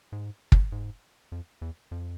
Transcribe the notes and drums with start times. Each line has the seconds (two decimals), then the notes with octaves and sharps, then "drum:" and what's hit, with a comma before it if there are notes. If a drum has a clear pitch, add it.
0.12 G#2
0.52 drum: kick
0.72 G#2
1.32 F2
1.62 E2
1.91 F2